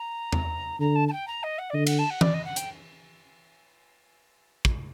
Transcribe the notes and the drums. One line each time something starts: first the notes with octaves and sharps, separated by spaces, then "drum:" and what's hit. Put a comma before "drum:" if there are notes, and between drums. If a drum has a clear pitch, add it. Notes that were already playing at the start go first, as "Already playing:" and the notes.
Already playing: A#5
drum: tom E2
D3 A#5
A5
A5
G5
A#5
D#5
F#5
D5
D3 D#5
F#5, drum: cymbal
A5
F#5
D5, drum: tom E3
D#5
F#5
G5, drum: hi-hat
drum: kick